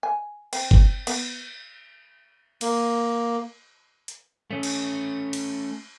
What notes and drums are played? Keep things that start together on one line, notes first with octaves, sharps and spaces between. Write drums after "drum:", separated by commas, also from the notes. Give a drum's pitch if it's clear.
G#5
C4, drum: cymbal
drum: kick G1
B3, drum: cymbal
A#3, drum: cymbal
drum: hi-hat
A3 C#4
drum: cymbal
drum: cymbal